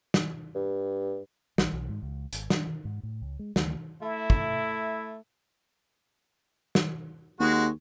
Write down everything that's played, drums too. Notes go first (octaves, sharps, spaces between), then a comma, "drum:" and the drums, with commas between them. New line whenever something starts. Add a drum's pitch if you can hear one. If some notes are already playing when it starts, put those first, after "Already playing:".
drum: snare
G2
A#1, drum: snare
B1
G#2
C#2
G#1, drum: hi-hat
D4, drum: snare
D#3
G#2
A2
C#2
G#3
D2, drum: snare
A3 E4
drum: kick
drum: snare
D#2 G#3 F#4